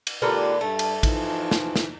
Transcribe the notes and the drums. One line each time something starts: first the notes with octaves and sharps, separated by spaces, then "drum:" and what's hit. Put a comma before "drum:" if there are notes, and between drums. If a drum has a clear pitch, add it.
drum: cymbal
G#2 D3 A#3 F4 G4 B4
G2 A3
drum: cymbal
E3 F3 D#4, drum: kick A1, cymbal
drum: snare
drum: snare